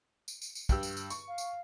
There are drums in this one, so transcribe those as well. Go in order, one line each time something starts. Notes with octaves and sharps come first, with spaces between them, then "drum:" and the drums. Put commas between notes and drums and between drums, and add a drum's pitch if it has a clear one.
drum: tambourine
drum: tambourine
drum: tambourine
G2 G4 E6, drum: kick, tambourine
drum: tambourine
drum: tambourine
C#6, drum: tambourine
F5
drum: tambourine